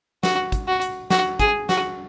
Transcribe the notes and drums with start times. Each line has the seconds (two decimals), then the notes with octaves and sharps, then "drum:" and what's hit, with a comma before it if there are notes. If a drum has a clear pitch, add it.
0.23 F#4, drum: snare
0.52 drum: kick, hi-hat
0.67 F#4
0.81 drum: hi-hat
1.10 F#4, drum: snare
1.39 G#4, drum: kick, hi-hat
1.69 F#4, drum: snare